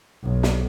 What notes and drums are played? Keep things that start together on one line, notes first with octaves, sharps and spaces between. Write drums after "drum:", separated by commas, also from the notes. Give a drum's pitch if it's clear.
B1
drum: snare